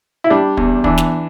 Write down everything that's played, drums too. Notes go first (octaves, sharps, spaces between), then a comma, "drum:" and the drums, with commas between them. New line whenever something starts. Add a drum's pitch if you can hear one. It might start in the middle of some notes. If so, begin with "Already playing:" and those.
E4
G3 D4
E2, drum: kick
E3 D4, drum: kick
drum: snare